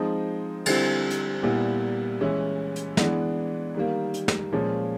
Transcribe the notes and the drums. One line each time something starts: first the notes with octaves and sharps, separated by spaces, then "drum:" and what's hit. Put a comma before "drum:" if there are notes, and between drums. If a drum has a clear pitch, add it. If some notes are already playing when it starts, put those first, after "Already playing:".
Already playing: F3 G#3 C4 D#4
D3 G3 C4 E4, drum: cymbal
drum: hi-hat
A#2 G3 B3 E4
E3 G#3 C#4 E4
drum: hi-hat
E3 G#3 B3 D4, drum: snare
D#3 G3 A#3
drum: hi-hat
drum: snare
A#2 F3 G#3 C#4